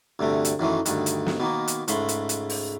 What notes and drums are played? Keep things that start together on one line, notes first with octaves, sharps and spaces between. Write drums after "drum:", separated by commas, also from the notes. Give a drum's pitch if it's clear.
D2 G2 C3 A3
drum: hi-hat
F#2 D#3 E3 A3
D2 G2 D#3, drum: hi-hat
drum: hi-hat
drum: snare
B2 D#3 A#3
drum: hi-hat
C#2 G#2 A3 B5 C6, drum: hi-hat
drum: hi-hat
drum: hi-hat
drum: open hi-hat